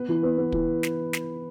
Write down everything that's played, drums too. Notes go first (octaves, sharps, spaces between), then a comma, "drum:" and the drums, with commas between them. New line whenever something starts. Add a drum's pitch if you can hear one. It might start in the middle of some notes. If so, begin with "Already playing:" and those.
Already playing: B3 B4
E3
B3
B3
E3, drum: kick
drum: snare
drum: snare